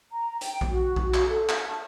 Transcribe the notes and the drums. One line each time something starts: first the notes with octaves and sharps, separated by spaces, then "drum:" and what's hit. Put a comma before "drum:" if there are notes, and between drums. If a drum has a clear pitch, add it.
A#5
G5, drum: hi-hat
drum: kick A#1
F#4
drum: kick A#1
drum: clap
A4
drum: clap
A5